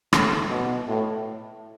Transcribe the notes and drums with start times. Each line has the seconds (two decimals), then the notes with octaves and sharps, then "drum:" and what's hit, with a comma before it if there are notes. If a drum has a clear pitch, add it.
0.13 A2, drum: rim click
0.50 B2
0.88 A2